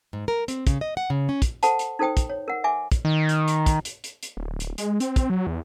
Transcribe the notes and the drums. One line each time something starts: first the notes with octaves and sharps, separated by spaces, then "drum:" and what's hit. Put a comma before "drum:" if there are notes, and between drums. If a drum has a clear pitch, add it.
G#2
A#4
C4, drum: hi-hat
C#3, drum: kick, hi-hat
D#5
F#5
C#3
C#4
drum: kick, hi-hat
A4 C5 F#5 A5, drum: hi-hat
drum: hi-hat
D#4 A4 C5 G5 D#6
drum: kick, hi-hat
C#5
A#4 F#5
E5 G#5 D6
drum: kick, hi-hat
D#3
drum: hi-hat
drum: hi-hat
drum: kick, hi-hat
drum: hi-hat
drum: hi-hat
drum: hi-hat
D1
drum: hi-hat
G#3, drum: hi-hat
C4, drum: hi-hat
drum: kick, hi-hat
F#3
E2